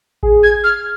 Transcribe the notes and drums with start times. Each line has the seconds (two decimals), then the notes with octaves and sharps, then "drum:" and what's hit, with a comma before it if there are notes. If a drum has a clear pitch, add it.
0.23 G#4, drum: kick A1
0.43 G#6
0.63 F6